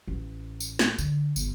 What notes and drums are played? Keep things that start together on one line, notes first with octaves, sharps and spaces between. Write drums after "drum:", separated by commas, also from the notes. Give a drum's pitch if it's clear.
A1
drum: tambourine
drum: snare
D3, drum: tambourine
G1, drum: tambourine